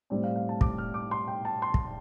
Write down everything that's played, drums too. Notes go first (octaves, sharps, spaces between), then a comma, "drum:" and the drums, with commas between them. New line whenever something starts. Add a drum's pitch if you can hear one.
A2 G3 C4 D5
F5
F5
A5
D6, drum: kick
F6
D6
C6
G5
A5
C6
drum: kick